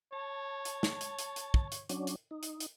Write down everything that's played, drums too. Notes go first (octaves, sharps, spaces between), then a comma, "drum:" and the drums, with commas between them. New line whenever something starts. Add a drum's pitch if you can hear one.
C#5 A5
drum: hi-hat
drum: snare
drum: hi-hat
drum: hi-hat
drum: hi-hat
drum: kick
drum: hi-hat
F#3 C#4 D4, drum: hi-hat
drum: hi-hat
D#4
drum: hi-hat
drum: hi-hat